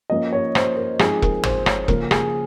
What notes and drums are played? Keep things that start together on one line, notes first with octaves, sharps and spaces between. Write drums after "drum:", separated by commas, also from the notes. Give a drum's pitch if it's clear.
F3 A#3 C#4 D#5
C#5
C5, drum: rim click
A#4
F3 G#3 C4 D#4 G#4, drum: rim click
A#4, drum: kick E1
C5, drum: tom G#1
C#5, drum: rim click
C#3 F3 A#3 C#4 A#4, drum: kick E1
G#4, drum: rim click